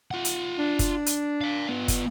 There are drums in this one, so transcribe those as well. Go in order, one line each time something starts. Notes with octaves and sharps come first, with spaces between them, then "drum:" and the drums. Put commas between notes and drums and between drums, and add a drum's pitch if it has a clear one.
F4 F#5
drum: hi-hat
D4
drum: kick, hi-hat
drum: hi-hat
D5 F5
B3 F4
drum: kick, hi-hat